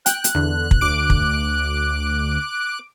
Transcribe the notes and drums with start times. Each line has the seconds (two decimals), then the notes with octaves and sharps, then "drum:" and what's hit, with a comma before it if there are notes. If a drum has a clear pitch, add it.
0.06 G5 F#6, drum: hi-hat
0.24 drum: hi-hat
0.35 E2 D3
0.71 drum: kick
0.81 D2 D6 D7
1.10 drum: kick